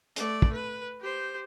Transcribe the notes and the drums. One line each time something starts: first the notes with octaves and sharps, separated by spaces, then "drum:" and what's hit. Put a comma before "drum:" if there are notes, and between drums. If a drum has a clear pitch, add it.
A3 D5, drum: hi-hat
drum: kick
B4
G4 C5